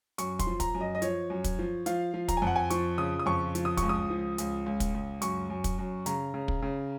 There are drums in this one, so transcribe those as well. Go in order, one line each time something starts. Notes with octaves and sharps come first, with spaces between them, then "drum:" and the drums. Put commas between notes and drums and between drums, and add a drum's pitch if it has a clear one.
F#2 C#6, drum: hi-hat
C6, drum: kick, hi-hat
F3
A#5, drum: kick, hi-hat
F#2
D#5
D#5
F3 C#5, drum: hi-hat
F#2
drum: kick, hi-hat
F3
F3 F5, drum: hi-hat
F3
A#5, drum: kick, hi-hat
G#5
F2 F#5
G#5
F3 C#6, drum: hi-hat
C#3 D#6
D#6
F2 C#6
F3, drum: hi-hat
D#6
C#2 C#6, drum: kick, hi-hat
D#6
F3
C#2, drum: hi-hat
C#2
drum: kick, hi-hat
C#2
F#2 C#6, drum: hi-hat
F#2
drum: kick, hi-hat
F#2
C#3 A#5, drum: hi-hat
C#3
drum: kick
C#3